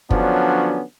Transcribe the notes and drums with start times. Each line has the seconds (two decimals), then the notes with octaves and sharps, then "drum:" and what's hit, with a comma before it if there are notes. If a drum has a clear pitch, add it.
0.10 D3 F3 F#3 B3 C#4 D4, drum: kick